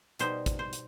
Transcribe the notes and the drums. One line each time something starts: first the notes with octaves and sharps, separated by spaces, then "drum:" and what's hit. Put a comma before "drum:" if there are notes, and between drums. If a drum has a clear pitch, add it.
B2 G3 D#4 C5, drum: hi-hat
drum: kick, hi-hat
C5
drum: hi-hat